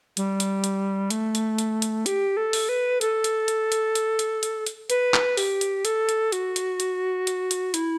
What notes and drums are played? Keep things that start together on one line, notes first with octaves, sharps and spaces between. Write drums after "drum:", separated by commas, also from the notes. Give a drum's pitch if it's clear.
G3, drum: hi-hat
drum: hi-hat
drum: hi-hat
A3, drum: hi-hat
drum: hi-hat
drum: hi-hat
drum: hi-hat
G4, drum: hi-hat
A4
drum: open hi-hat
B4
A4, drum: hi-hat
drum: hi-hat
drum: hi-hat
drum: hi-hat
drum: hi-hat
drum: hi-hat
drum: hi-hat
drum: hi-hat
B4, drum: hi-hat
drum: clap
G4, drum: open hi-hat
drum: hi-hat
A4, drum: hi-hat
drum: hi-hat
F#4, drum: hi-hat
drum: hi-hat
drum: hi-hat
drum: hi-hat
drum: hi-hat
E4, drum: hi-hat